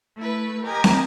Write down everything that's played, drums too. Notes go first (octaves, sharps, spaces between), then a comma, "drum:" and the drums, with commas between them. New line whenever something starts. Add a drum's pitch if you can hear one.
A3 E4 B4
G4 A#4 D#5 G#5
drum: snare